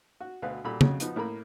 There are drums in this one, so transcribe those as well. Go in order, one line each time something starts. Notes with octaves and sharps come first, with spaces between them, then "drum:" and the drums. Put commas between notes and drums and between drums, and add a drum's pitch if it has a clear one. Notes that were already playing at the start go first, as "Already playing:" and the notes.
F#4
D2 B2 B4 F5
A#2 G3 F#4 A4 B5
F2 C#3 F#3, drum: tom
F3 B3 D#4 F#4, drum: hi-hat
A2 A#3 A#5 B5